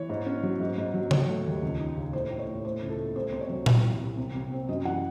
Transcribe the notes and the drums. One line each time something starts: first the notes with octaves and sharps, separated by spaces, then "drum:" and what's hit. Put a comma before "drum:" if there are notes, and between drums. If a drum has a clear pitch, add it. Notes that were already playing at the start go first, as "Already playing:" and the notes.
Already playing: E3 C#5
G#2
C#4
F#3
G#2
G#2
F#3
F#3 C#5, drum: tom C#3
A3
D#2
C#2
D#4
C#3
A2 C5
A2
C#5
A2
A3 C5
C#2
A4
A3
C2 C5
C3 C5
C#5
F#3
C2, drum: tom A#2
E3
C2
C3
C2
C4
F#2 D#5
E3 F#5